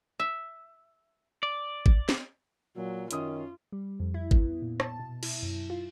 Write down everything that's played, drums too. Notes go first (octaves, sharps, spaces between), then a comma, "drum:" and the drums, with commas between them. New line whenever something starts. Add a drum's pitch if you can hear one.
E5
D5
drum: kick
drum: snare
A#2 F#3
F#2 D#3 C#4 F4 D#6, drum: hi-hat
G3
F2
E4
B3, drum: kick
A#2
A5, drum: rim click
B2
E4, drum: cymbal
F#2
F4